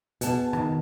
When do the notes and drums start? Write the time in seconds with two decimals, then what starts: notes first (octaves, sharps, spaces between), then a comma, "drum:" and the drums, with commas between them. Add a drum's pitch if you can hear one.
0.21 B2 G#4 A5, drum: hi-hat
0.53 D#3, drum: rim click